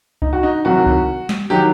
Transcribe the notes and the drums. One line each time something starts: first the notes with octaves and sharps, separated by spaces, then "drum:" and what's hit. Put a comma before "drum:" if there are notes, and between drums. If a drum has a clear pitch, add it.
D#4, drum: kick C2
F#4
D#4
C2 C3 D#3 F#3 F#4
drum: kick C2
drum: snare
D#3 F#3 G4